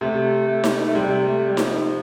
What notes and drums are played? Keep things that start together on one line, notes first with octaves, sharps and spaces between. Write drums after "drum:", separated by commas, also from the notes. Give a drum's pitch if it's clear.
C3 A3
A3
drum: snare D#4
A3
C3 G3
A3
G3
F3, drum: snare D#4